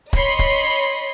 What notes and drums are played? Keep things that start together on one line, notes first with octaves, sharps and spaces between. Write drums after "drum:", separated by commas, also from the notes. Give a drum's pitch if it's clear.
C#5 D#5 B5 C6, drum: kick
drum: kick